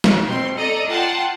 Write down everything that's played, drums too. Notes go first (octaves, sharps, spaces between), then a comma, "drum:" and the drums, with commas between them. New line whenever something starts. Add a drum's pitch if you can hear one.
drum: snare
B2 C4 C6
A4 D5 D#5 A#5
F4 F#5 G5 A5 C6